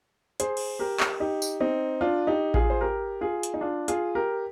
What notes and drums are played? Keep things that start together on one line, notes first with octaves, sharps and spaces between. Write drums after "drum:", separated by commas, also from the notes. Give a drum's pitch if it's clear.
G#4 C5, drum: hi-hat
drum: cymbal
G4 A#4
drum: clap
D#4 G4
drum: tambourine
C4 D#4
D4 F4
D#4 G4
F4 G#4, drum: kick A1
C5
G4 A#4
F4 G#4
drum: hi-hat
D#4
D4 F4
F4 G#4, drum: hi-hat
G4 A#4